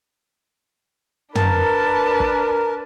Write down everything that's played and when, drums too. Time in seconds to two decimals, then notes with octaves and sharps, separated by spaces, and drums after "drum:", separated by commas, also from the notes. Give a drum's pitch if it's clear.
1.35 D4 A#4 B4 A5, drum: tom
2.20 drum: kick